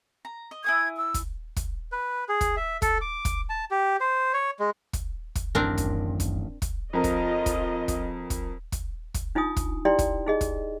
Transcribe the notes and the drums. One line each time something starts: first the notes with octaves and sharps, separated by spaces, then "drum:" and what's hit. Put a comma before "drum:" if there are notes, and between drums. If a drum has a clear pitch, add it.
A#5
D#5
E4 G#5 D#6 G#6
E6
drum: kick, hi-hat
drum: kick, hi-hat
B4
G#4
drum: kick, hi-hat
E5
A4, drum: kick, hi-hat
D6
drum: kick, hi-hat
A5
G4
C5
C#5
G#3
drum: kick, hi-hat
drum: kick, hi-hat
A1 F#2 D#3 C4 D4 A#4
drum: kick, hi-hat
drum: kick, hi-hat
drum: kick, hi-hat
F2 F4 A#4 D#5
drum: kick, hi-hat
drum: kick, hi-hat
drum: kick, hi-hat
drum: kick, hi-hat
drum: kick, hi-hat
drum: kick, hi-hat
D4 D#4 F4 G#5 D#6
drum: kick, hi-hat
D#4 E4 G4 D5 G5 C6
drum: kick, hi-hat
D#4 G#4 D#5
drum: kick, hi-hat